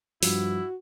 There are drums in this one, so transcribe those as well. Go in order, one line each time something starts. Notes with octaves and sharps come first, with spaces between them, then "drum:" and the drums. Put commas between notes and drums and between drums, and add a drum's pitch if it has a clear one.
G2 F3 E4 F#4, drum: open hi-hat